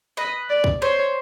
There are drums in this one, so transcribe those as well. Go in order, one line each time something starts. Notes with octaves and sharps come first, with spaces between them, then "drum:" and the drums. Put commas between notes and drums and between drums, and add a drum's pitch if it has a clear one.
B4 D#5
D5
drum: kick
C5 C#5